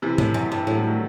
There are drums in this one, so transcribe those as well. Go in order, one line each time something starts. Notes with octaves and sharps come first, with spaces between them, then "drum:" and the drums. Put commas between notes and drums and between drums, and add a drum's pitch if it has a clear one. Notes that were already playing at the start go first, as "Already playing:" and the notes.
C3 E3
A2, drum: tom C3
F#2
G2
A2 F#3
G3
D#3 F#3